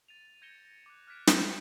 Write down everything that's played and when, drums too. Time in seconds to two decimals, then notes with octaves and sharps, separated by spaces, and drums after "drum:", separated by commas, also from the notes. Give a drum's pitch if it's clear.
0.08 A6 D#7 F7
0.42 G6 G#6 A#6 C#7 E7 G7
0.86 D6 F#6
1.07 F6 F#6 G#6 B6 D7 E7
1.27 F6 F#6 G#6 A6, drum: snare